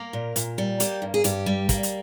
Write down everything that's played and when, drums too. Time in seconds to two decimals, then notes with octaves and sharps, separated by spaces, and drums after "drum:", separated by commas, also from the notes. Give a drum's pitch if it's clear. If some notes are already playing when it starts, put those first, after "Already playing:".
Already playing: A#3 A#4
0.13 A#2
0.36 A#2, drum: hi-hat
0.58 G3
0.80 A#3 G4, drum: hi-hat
1.02 G2
1.14 G#4
1.24 G2 G4, drum: hi-hat
1.46 G3
1.69 A#3, drum: kick, hi-hat
1.83 drum: hi-hat